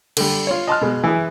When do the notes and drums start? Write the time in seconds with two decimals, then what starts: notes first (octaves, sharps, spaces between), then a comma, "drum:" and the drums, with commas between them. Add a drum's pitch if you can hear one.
0.17 D3 G3, drum: cymbal
0.47 F4 C#5
0.67 D#5 A5 C6 F6
0.81 B2 G#3
1.04 E3 E4 G#4